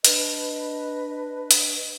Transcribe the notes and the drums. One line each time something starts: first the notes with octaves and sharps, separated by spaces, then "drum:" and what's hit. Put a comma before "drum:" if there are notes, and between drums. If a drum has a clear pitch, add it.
D4 B4 D#5, drum: hi-hat
drum: hi-hat